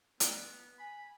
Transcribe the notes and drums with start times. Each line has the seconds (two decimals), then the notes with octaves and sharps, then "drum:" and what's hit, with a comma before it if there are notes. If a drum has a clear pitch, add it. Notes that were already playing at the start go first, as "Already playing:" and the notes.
0.20 B3, drum: hi-hat
0.79 G#5 B5